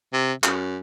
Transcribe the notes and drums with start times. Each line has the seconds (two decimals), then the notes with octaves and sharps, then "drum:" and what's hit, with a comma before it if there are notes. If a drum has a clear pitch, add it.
0.13 C3
0.44 F#2, drum: clap